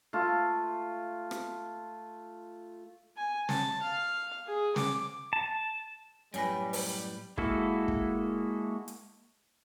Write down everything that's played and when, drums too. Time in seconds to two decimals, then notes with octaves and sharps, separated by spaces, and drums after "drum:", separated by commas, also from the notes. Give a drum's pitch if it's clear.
0.13 A3 F4
1.31 drum: rim click
3.17 G#5
3.49 A5, drum: snare
3.82 F5
4.47 G#4
4.76 D6, drum: snare
5.33 A5
6.34 F#2 A2 G3 B4 C#5 G#5 A#6, drum: hi-hat
6.73 drum: open hi-hat
7.38 G#3 A#3 E4 F#4 A4, drum: kick
7.88 drum: kick
8.88 drum: hi-hat